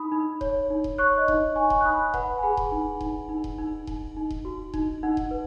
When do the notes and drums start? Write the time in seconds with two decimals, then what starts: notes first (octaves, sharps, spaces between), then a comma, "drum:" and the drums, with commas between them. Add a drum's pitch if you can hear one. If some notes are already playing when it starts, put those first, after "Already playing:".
Already playing: D#4 B5 D#6
0.12 D#4
0.41 C#5, drum: kick D#1
0.70 D#4
0.84 drum: kick D#1
0.98 C#5 C#6 F#6
1.18 D#5
1.28 D#4, drum: kick D#1
1.56 D#4 G#5 C#6
1.70 G#5 C#6, drum: kick D#1
1.81 F#6
1.85 D#4 B5 D#6
2.14 B4 F#5 B5, drum: kick D#1
2.38 G#5
2.43 G#4 F#5 B5
2.57 drum: kick D#1
2.72 D#4
3.01 D#4, drum: kick D#1
3.29 D#4
3.44 drum: kick D#1
3.58 D#4
3.87 D#4, drum: kick D#1
4.16 D#4
4.30 drum: kick D#1
4.45 F#4
4.74 D#4, drum: kick D#1
5.03 D#4 F#5
5.17 drum: kick D#1
5.31 B4